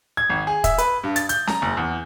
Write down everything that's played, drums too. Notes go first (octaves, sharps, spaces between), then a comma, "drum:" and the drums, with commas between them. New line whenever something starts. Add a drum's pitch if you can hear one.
G#6
G#1
G#4
E5, drum: kick, hi-hat
B4, drum: hi-hat
G2
A6, drum: hi-hat
G6, drum: hi-hat
A#5, drum: snare C#4
F#1
E2